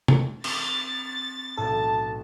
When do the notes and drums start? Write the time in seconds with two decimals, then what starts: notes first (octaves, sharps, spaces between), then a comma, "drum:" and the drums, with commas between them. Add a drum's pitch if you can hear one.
0.08 drum: tom C3
0.44 C4 A6, drum: cymbal
1.57 B1 A2 A4 A5